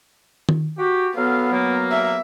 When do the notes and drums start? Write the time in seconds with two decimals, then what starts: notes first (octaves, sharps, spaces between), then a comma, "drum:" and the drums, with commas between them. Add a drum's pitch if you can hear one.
0.49 drum: tom D#3
0.79 F#4 G4
1.15 F#3 B3 A4 F5
1.52 F#3 A#3
1.91 E5